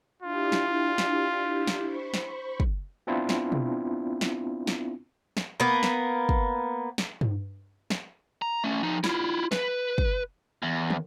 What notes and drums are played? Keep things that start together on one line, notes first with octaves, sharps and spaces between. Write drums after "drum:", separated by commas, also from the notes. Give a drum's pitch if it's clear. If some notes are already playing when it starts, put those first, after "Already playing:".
D4 E4 F4 G4
drum: snare
drum: snare
drum: snare
C5 B5 C#6
drum: snare
drum: kick
B3 C4 D4 E4 F4
drum: snare
drum: tom B2
drum: snare
drum: snare
drum: snare
A#3 B3
drum: snare
drum: kick
drum: snare
drum: tom G2
drum: snare
A#5
A3 C#4
F3 D#4
E4 F4, drum: snare
B4, drum: snare
drum: kick
E2
drum: tom